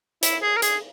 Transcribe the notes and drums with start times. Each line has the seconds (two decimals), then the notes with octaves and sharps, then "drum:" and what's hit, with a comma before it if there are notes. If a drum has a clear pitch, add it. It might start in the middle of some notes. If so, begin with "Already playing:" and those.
0.23 E4, drum: hi-hat
0.42 G#4
0.57 A#4
0.62 G#4, drum: hi-hat